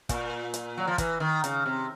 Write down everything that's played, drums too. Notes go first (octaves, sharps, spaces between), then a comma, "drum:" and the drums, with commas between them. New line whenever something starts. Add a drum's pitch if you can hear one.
A#2, drum: kick, hi-hat
drum: hi-hat
F#3
F3
E3, drum: kick, hi-hat
D#3
C#3, drum: hi-hat
C3